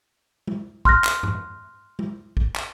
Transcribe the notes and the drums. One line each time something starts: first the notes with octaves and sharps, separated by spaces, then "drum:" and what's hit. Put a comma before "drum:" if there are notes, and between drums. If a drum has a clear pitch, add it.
drum: tom
C6 F6 F#6 A#6, drum: kick
drum: clap
drum: tom G2
drum: tom
drum: kick
drum: clap